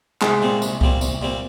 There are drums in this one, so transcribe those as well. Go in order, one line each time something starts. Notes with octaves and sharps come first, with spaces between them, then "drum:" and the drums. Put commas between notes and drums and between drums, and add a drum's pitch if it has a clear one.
C2 G#3, drum: clap
A#2 G3 C4
C2, drum: tambourine
A#2 G3 C4, drum: kick C2
C2, drum: tambourine
A#2 G3 C4